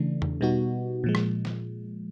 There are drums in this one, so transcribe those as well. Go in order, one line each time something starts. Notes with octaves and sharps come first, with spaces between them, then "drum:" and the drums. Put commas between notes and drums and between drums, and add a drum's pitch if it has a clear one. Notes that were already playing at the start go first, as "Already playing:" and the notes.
Already playing: C#3 E3 A3 D4
drum: tom E2
B2 G3 B3 D#4 F#4
A#2 F3 G#3
drum: rim click
drum: snare